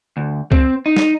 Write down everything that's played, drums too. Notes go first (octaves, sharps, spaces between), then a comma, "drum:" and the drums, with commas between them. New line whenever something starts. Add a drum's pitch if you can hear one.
D2
C4, drum: kick C#2
D#4
drum: snare